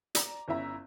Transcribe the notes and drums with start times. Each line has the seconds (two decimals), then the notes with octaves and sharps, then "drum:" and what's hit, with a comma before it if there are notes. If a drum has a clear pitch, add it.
0.15 D5 A#5, drum: hi-hat
0.48 G1 C#4 E4 E5 A#5